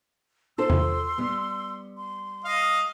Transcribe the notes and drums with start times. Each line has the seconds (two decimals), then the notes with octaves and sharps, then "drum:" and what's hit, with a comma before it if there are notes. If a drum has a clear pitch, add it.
0.58 F4 A4 C5 C6 E6
0.70 drum: tom E2
1.18 G3 B3
1.96 C6
2.44 D#5 F5